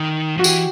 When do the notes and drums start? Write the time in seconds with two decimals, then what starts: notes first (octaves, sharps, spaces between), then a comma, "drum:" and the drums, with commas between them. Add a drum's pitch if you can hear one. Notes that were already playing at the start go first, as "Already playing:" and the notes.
Already playing: D#3
0.37 F3 F#4
0.44 E3 G4, drum: tambourine